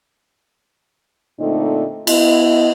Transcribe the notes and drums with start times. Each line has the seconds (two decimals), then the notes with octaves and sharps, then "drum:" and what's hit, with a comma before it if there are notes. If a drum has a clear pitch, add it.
1.39 A#2 D3 A3 C4 D#4
2.07 B3 E4 D#5, drum: cymbal